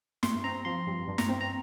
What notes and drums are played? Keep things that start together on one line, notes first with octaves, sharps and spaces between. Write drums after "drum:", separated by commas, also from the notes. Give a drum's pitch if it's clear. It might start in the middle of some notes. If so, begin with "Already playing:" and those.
G2 C6, drum: snare
C4 A#5
F3 C6
G2
G2
A#5, drum: snare
C4
A#5